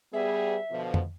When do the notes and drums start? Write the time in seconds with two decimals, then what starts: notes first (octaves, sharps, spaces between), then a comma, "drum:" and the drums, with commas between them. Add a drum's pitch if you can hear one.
0.14 G3 B3 G#4 E5
0.72 B2 D3 F3
0.94 drum: tom F2